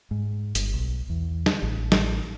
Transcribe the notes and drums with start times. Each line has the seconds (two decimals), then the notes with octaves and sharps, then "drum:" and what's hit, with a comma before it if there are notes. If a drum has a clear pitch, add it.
0.11 G#2
0.55 G1, drum: hi-hat
0.74 B1
1.10 E2
1.46 drum: snare
1.63 A1
1.92 drum: snare